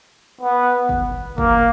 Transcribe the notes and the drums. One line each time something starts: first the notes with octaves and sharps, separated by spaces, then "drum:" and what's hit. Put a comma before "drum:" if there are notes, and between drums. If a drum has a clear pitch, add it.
B3
drum: kick
A#3, drum: kick